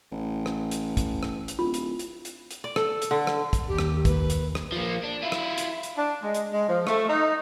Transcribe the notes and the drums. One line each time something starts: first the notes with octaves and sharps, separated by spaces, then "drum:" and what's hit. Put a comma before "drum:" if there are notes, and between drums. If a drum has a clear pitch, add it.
A1
drum: rim click
drum: hi-hat
drum: kick, hi-hat
drum: rim click
drum: hi-hat
D1 F4
drum: hi-hat
drum: hi-hat
drum: hi-hat
drum: hi-hat
D5
A4, drum: rim click
drum: hi-hat
D3
drum: rim click
drum: kick, hi-hat
D#2 G4
drum: rim click
B4, drum: kick, hi-hat
drum: hi-hat
drum: rim click
F3 A#3
D4
E4 F4
drum: rim click
drum: hi-hat
drum: hi-hat
D4
G#3
drum: hi-hat
G#3
F3
A3, drum: rim click
D#4